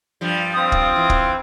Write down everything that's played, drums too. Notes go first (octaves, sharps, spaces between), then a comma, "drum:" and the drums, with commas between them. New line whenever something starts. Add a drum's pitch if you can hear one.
G2 F3 G3
C4 F4 D#6
drum: kick
E3
drum: kick